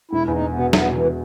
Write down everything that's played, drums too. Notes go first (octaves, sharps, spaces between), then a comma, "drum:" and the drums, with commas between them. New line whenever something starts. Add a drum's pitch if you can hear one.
E1 E4
E2 D#4 E4
E1
B3
B2
E2 B3, drum: snare
B2 E3
B2